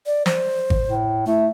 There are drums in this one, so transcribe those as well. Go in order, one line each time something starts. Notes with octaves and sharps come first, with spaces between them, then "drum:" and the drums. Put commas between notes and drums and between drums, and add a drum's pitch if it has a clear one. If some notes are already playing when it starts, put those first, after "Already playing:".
D5
C5, drum: snare
drum: kick G#1
A2
A3 E4